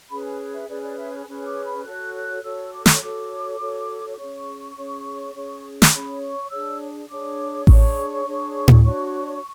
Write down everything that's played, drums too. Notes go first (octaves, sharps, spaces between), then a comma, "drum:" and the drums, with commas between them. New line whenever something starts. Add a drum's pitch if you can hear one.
C#4 G#4 B4 B5
G#5
E5
C#4 G#4 B4 D5
D5
E5
G#5
C#4 G#4 B4 G#5
D6
B5
F#4 A4 C#5 F#6
F#6
F#4 A4 C#5 E6
D6
C#6, drum: snare
F#4 A4 C#5 D6
F#4 A4 C#5
D6
C#4 G#4 C#5 C#6
C#4 G#4 C#5
C#4 G#4 C#5
drum: snare
C#4 G#4 C#5 B5
C#6
D4 G#4 C#5 E6
D4 G#4 C#5 D6
D4 G#4 C#5 C#6, drum: kick A1
D4 G#4 C#5
drum: tom A2
D4 F#4 C#5